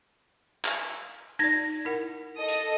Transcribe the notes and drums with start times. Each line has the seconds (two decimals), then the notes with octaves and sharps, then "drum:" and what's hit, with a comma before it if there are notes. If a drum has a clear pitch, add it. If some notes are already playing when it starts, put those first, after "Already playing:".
0.65 drum: clap
1.39 D#4 D5 G#6 A#6, drum: open hi-hat
1.85 E4 A#4 F#5
2.38 A4 D#5 D#6
2.48 drum: hi-hat